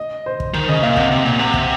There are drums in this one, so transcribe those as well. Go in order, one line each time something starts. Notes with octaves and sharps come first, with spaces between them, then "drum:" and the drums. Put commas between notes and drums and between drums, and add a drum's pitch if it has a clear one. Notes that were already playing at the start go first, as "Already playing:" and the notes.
Already playing: D#5
C5
drum: kick
D#3, drum: kick
C#3 D#5
A#2 F5
C3 F#5, drum: kick
C3
A#2
C3 F#5
drum: kick